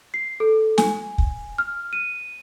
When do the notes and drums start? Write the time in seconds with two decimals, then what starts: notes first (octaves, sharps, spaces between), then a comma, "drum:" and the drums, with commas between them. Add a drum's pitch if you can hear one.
0.14 C7
0.40 A4
0.78 G#5, drum: snare
1.18 drum: kick
1.58 F6
1.93 D#7